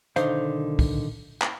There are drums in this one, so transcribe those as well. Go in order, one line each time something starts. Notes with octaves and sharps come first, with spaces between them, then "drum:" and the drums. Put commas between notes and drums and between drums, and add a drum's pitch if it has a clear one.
B1 D3 D#3 C5 F5, drum: hi-hat
drum: kick, open hi-hat
drum: clap